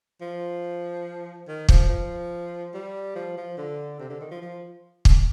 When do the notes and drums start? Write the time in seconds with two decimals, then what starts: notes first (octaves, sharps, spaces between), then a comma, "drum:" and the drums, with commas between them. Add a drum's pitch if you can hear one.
0.21 F3
1.48 D#3
1.69 F3, drum: kick
1.89 F3
2.74 G3
3.15 F3
3.37 F3
3.57 D3
3.99 C3
4.10 D3
4.21 D#3
4.31 F3
4.42 F3
5.05 drum: kick